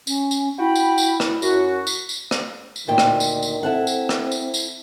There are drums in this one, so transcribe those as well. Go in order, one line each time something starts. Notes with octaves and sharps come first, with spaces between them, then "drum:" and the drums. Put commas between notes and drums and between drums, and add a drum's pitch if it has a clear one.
C#4, drum: tambourine
drum: tambourine
E4 F#4 G5 B5
drum: tambourine
drum: tambourine
drum: rim click
F#2 F#4, drum: tambourine
drum: tambourine
drum: tambourine
drum: rim click
drum: tambourine
D2 A#2 D#3 G5
drum: rim click
drum: tambourine
drum: tambourine
C4 E4 A4 F#5
drum: tambourine
drum: rim click
drum: tambourine
drum: tambourine